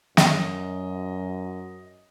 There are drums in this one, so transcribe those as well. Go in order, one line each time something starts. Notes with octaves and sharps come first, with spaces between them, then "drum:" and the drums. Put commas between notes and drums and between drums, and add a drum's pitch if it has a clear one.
F#2 D#5, drum: snare